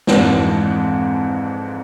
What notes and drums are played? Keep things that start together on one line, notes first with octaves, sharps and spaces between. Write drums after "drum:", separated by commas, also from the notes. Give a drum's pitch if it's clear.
F2 G#2 E3 D4, drum: snare